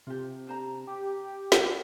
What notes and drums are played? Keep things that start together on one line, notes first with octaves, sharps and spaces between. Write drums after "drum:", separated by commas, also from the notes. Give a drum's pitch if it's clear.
C3 F4 G4
D4 C5 A#5
G4
A#4 F#5, drum: snare